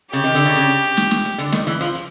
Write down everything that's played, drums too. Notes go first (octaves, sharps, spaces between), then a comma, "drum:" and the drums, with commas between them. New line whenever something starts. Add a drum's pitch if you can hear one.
C#3 G4, drum: hi-hat
D#3
D3
C#3
C#3, drum: hi-hat
drum: hi-hat
drum: hi-hat
drum: snare
drum: snare
drum: hi-hat
D3, drum: hi-hat
D#3, drum: snare
E3, drum: hi-hat
F3, drum: hi-hat
drum: hi-hat